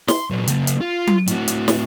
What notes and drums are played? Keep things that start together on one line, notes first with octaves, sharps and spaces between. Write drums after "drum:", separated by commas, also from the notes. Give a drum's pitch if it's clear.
C6, drum: snare
A#2 F#3
C#3 A#3, drum: hi-hat
drum: hi-hat
F4
drum: tom F#3
A2 F#4, drum: hi-hat
drum: hi-hat
drum: snare